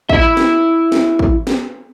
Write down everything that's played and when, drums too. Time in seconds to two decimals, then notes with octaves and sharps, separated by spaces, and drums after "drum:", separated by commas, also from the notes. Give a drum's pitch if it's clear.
0.09 E4 E5, drum: kick
0.37 drum: snare
0.92 drum: snare
1.19 drum: kick
1.47 drum: snare